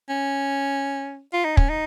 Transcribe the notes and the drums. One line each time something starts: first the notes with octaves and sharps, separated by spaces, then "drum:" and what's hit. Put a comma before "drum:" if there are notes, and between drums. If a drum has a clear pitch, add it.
C#4
F4
D#4
C#4, drum: kick
D#4